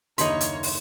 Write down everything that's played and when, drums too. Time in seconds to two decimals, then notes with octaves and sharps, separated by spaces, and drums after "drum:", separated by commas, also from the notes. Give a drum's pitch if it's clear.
0.18 F#1 D#2 D3 A#3 D#4 C#5 B5 C6, drum: hi-hat
0.41 drum: hi-hat
0.63 drum: open hi-hat